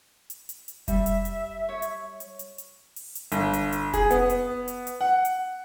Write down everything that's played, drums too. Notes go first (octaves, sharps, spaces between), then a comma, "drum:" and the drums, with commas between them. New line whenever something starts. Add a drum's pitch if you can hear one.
drum: hi-hat
drum: hi-hat
drum: hi-hat
G3 E5, drum: kick F1, hi-hat
drum: hi-hat
drum: hi-hat
C#5
drum: hi-hat
drum: hi-hat
drum: hi-hat
drum: hi-hat
drum: open hi-hat
drum: hi-hat
G1, drum: hi-hat
drum: hi-hat
drum: hi-hat
G#4, drum: kick F1, hi-hat
B3, drum: hi-hat
drum: hi-hat
drum: hi-hat
drum: hi-hat
F#5
drum: hi-hat